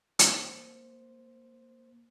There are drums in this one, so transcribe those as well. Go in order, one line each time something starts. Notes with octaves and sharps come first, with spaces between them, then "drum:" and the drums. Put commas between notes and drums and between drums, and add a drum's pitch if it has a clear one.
A#3 C5, drum: hi-hat